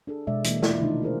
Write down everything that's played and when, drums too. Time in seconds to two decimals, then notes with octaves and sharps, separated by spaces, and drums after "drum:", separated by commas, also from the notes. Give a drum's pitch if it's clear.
0.07 D4 G#4 A4
0.27 B2 G#3 D5 E5
0.44 E3 A#3, drum: hi-hat
0.63 E4 F4 D5, drum: snare
0.80 C3 D#3 G#3 A3 D4 D#4
1.02 F4 G#4 A#4 C5